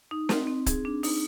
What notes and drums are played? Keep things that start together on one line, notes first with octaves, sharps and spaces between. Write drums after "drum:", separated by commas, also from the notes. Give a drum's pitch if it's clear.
D#4
C4, drum: snare
C4
G#4, drum: kick, hi-hat
D4
D#4, drum: open hi-hat